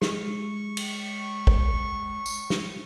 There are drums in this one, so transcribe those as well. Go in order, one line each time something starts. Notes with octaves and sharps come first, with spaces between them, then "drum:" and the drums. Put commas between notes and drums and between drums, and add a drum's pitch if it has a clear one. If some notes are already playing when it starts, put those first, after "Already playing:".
G#3 C#6, drum: snare
drum: cymbal
drum: kick
drum: tambourine
drum: snare